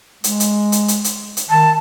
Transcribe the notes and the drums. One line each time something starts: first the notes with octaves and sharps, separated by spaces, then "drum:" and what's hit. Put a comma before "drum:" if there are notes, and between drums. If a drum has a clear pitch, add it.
G#3, drum: hi-hat
drum: hi-hat
drum: hi-hat
drum: hi-hat
drum: hi-hat
drum: hi-hat
D#3 A5